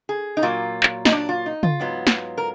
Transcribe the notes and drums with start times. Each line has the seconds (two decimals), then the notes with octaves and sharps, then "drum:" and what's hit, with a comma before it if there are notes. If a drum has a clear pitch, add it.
0.09 G#4
0.37 D#4
0.42 A#2 F#3 A#3 F4
0.83 drum: clap
1.05 D#4, drum: snare
1.12 D4
1.29 F4
1.46 D#4
1.63 F4, drum: tom C#3
1.80 G#2 F#3 B3
2.07 drum: snare
2.38 A#4